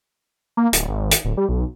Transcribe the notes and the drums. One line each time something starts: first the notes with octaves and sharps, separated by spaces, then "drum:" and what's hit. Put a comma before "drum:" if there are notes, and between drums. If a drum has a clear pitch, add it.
A#3
D1, drum: hi-hat
G#1
drum: hi-hat
D1
G3
B1